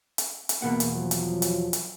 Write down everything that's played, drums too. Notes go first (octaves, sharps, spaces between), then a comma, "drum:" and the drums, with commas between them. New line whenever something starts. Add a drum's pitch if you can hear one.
drum: hi-hat
drum: hi-hat
E2 B2 A#3 F#5
drum: hi-hat
F3 F#3
drum: hi-hat
drum: hi-hat
drum: hi-hat